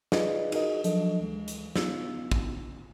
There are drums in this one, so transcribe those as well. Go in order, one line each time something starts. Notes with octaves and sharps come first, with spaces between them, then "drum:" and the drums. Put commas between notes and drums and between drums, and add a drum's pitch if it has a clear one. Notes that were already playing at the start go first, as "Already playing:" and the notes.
D#4 F4 G#4 B4 D5 D#5, drum: snare
D#4 F#4 G#4 A#4 D#5, drum: cymbal
F3 F#3 D4 A4 D#5, drum: hi-hat
D2 E3 G#3
drum: hi-hat
B3 D#4 F4 E6, drum: snare
drum: kick